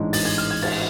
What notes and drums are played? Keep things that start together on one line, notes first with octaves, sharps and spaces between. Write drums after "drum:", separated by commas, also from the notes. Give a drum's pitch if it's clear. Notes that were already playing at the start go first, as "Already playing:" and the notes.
Already playing: A1 G#2 G#3 D4
A6, drum: open hi-hat
G#6
F6
G#6
A6, drum: cymbal